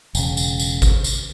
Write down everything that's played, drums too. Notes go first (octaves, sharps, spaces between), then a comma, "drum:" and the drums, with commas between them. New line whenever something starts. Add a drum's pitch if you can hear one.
E1 C#3, drum: tambourine
drum: tambourine
drum: tambourine
drum: kick G#1, tambourine
drum: tambourine